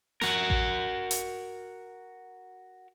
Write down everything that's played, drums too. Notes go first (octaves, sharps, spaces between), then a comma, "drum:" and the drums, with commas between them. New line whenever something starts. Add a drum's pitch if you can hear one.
F#4 A#4, drum: snare
drum: kick A1
drum: hi-hat